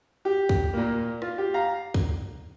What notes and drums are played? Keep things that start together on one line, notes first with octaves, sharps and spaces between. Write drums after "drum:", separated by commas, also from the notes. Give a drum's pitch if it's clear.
G4
drum: kick
A#2 A#3
F4, drum: rim click
G4
F5 A#5
drum: kick